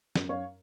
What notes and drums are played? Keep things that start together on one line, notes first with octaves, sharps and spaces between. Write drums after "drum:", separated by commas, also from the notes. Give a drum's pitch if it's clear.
F#2, drum: snare
C#5 F5